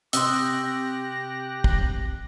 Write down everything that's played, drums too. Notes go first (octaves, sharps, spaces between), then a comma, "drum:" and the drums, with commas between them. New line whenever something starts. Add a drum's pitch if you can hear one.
C3 G4 C6 D#6 E6 F#6 A#6, drum: hi-hat
drum: kick